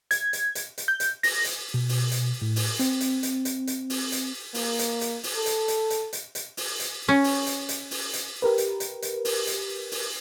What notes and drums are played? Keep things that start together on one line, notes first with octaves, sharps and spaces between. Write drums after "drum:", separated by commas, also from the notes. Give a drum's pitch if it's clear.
G#6, drum: hi-hat
drum: hi-hat
drum: hi-hat
drum: hi-hat
G6
drum: hi-hat
A#6, drum: open hi-hat
drum: hi-hat
B2
drum: open hi-hat
drum: hi-hat
A2
drum: open hi-hat
C4, drum: hi-hat
drum: hi-hat
drum: hi-hat
drum: hi-hat
drum: hi-hat
drum: open hi-hat
drum: hi-hat
A#3, drum: open hi-hat
drum: hi-hat
drum: hi-hat
drum: open hi-hat
A4
drum: hi-hat
drum: hi-hat
drum: hi-hat
drum: hi-hat
drum: hi-hat
drum: open hi-hat
drum: hi-hat
C#4
drum: open hi-hat
drum: hi-hat
drum: hi-hat
drum: open hi-hat
drum: hi-hat
G4 A#4 B4
drum: hi-hat
drum: hi-hat
drum: hi-hat
drum: open hi-hat
drum: hi-hat
drum: open hi-hat